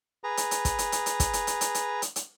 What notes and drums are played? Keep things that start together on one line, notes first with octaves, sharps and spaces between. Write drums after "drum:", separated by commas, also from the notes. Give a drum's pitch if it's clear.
G#4 B4 A#5
drum: hi-hat
drum: hi-hat
drum: kick, hi-hat
drum: hi-hat
drum: hi-hat
drum: hi-hat
drum: kick, hi-hat
drum: hi-hat
drum: hi-hat
drum: hi-hat
drum: hi-hat
drum: hi-hat
drum: hi-hat